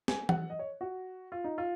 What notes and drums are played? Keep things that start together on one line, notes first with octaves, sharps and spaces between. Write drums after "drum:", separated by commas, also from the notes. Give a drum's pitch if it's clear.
G#5, drum: snare
F#5, drum: tom E3
D#5
C#5
F#4
F4
D#4
F4